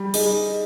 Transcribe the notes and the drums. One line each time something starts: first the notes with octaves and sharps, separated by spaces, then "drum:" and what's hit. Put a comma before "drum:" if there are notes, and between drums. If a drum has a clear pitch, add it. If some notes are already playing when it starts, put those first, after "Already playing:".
Already playing: G3
D#4 G#4, drum: open hi-hat